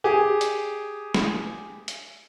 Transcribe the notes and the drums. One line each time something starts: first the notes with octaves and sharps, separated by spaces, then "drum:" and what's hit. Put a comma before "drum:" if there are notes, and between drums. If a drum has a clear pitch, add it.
G4 G#4 G#5
drum: hi-hat
drum: snare
drum: hi-hat